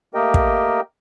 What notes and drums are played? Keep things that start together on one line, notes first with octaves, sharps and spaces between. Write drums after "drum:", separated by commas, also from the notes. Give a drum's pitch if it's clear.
A3 A#3 G4 A#4 D#5 G5
drum: kick